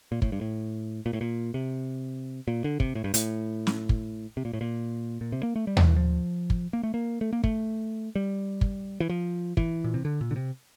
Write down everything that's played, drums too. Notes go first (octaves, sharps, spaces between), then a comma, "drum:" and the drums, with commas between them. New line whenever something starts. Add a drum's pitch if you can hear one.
A#2
A2, drum: kick
G2
A2
A#2
A2
A#2
C3
A#2
D3
C3, drum: kick
A2
G2
A2, drum: hi-hat
drum: snare
drum: kick
C3
A#2
A2
A#2
A#2
C3
A#3
A3
G3
F3, drum: tom D#2
E3
F3
drum: kick
A#3
A3
A#3
A3
A#3
A3, drum: kick
G3
drum: kick
E3
F3
E3, drum: kick
A#2
C3
D3
A#2
D3
C3